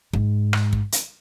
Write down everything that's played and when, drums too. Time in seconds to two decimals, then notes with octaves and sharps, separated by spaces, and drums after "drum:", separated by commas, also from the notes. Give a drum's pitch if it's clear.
0.13 G#2, drum: kick
0.53 drum: rim click
0.73 drum: kick
0.92 drum: hi-hat